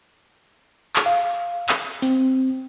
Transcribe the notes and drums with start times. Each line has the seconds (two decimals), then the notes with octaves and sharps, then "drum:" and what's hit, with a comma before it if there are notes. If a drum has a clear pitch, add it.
0.96 drum: clap
1.06 F5
1.69 drum: clap
2.02 C4, drum: open hi-hat